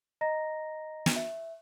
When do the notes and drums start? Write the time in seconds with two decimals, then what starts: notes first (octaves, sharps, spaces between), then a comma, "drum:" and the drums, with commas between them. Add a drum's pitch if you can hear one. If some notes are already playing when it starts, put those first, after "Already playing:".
0.21 D#5 A#5 A#6
1.06 drum: snare
1.16 E5